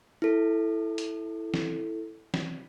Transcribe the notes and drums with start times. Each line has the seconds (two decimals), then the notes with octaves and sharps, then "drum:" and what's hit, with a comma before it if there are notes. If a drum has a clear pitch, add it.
0.22 E4 A4
0.98 drum: hi-hat
1.54 drum: snare
2.34 drum: snare